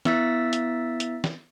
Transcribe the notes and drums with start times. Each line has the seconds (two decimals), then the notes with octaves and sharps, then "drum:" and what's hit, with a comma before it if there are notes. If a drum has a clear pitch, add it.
0.05 B3 E4 E5 E6 A6 B6, drum: snare
0.53 drum: hi-hat
1.00 drum: hi-hat
1.24 drum: snare